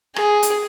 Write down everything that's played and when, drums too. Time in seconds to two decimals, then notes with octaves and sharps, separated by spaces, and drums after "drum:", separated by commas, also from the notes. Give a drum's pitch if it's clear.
0.16 G#4, drum: rim click
0.43 drum: hi-hat